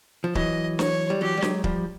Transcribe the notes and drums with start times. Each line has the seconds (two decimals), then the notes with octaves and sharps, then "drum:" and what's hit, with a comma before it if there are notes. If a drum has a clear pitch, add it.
0.24 F3
0.35 E3 F#3 D#5, drum: kick
0.79 C#5, drum: snare
1.10 G3
1.21 E3 F#3 G4
1.37 G3
1.42 F#3 G#3, drum: snare
1.64 F3 G3, drum: kick